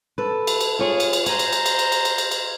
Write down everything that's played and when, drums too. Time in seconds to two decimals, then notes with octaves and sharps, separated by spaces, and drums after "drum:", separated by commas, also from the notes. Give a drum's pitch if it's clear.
0.18 A4 B4
0.47 drum: cymbal
0.61 drum: cymbal
0.79 F4 G#4 C#5
1.00 drum: cymbal
1.13 drum: cymbal
1.26 C5 G#5 A#5, drum: cymbal
1.39 drum: cymbal
1.53 drum: cymbal
1.66 drum: cymbal
1.79 drum: cymbal
1.92 drum: cymbal
2.05 drum: cymbal
2.18 drum: cymbal
2.31 drum: cymbal